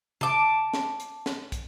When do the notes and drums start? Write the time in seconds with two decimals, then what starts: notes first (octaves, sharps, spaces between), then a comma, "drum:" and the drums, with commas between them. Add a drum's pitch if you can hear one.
0.21 A5 D6, drum: tom
0.74 drum: snare
1.00 drum: hi-hat
1.26 drum: snare
1.52 drum: kick, hi-hat